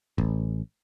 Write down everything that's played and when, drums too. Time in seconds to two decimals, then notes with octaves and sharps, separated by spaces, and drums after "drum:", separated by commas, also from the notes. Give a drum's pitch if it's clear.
0.18 A1, drum: kick